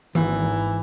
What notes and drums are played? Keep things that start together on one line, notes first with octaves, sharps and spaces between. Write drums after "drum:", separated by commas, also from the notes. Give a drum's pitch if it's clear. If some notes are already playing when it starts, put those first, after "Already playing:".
G#1 G#2 E3, drum: tom D#3